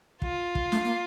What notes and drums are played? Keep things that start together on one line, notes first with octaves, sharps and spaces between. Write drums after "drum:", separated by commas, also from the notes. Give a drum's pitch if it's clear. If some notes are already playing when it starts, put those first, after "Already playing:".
F4, drum: kick
drum: kick
A3, drum: snare
A#3